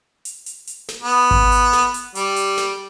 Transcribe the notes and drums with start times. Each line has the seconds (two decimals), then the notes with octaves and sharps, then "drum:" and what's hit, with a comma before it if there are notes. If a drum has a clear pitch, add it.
0.25 drum: hi-hat
0.46 drum: hi-hat
0.67 drum: hi-hat
0.89 drum: snare
1.03 B3
1.31 drum: kick G#1
1.52 drum: hi-hat
1.73 drum: snare
1.94 drum: hi-hat
2.15 G3, drum: hi-hat
2.36 drum: hi-hat
2.58 drum: snare